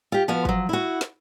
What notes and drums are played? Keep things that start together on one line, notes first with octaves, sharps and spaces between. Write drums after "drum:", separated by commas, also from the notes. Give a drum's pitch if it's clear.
F4 G4
F3 B3 F#4 F5
F3 F#3, drum: kick
E4 F#4
drum: snare